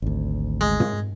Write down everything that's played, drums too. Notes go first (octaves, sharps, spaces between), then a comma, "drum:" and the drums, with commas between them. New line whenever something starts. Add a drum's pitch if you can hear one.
G#1 D2
G#3
drum: tom